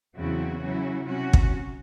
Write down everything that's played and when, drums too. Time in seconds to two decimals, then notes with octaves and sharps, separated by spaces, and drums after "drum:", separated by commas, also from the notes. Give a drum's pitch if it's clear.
0.17 E2 C#3 F#3 C4 E4 F#4
0.63 C#3 F#3 C#4 E4
1.07 C3 F#3 C#4 F#4
1.33 drum: kick